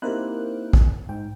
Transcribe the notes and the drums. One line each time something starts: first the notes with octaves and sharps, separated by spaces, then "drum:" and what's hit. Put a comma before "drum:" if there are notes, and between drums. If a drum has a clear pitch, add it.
A#3 C4 D#4 E4 G4 A#4 C5 F#6
drum: kick
G#2 G5